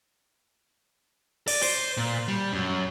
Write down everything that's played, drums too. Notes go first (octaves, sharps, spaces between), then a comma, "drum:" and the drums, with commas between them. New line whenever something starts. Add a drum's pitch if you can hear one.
D5, drum: cymbal
C5, drum: open hi-hat
A#2
G3
F#2